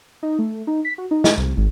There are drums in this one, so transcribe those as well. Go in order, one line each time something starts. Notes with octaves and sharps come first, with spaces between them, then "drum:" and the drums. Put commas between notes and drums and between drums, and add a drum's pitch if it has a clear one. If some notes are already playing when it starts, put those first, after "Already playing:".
D#4
A3
D#4
B6
F#4
D#4
D#5, drum: snare
C2
G#1